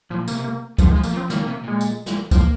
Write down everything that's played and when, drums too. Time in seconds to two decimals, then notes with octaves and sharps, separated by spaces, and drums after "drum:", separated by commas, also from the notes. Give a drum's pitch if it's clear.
0.10 A#2 F3
0.28 C3 A#3, drum: tambourine
0.44 A#3
0.79 D#3 F3, drum: kick, tambourine
0.91 G#3
0.96 F3
1.03 A#3, drum: tambourine
1.13 F3
1.17 C4
1.30 D#3 A#3, drum: snare
1.42 A#3
1.47 C3
1.64 A#2 G#3
1.81 drum: tambourine
2.06 drum: snare
2.31 F3 A#3, drum: kick, tambourine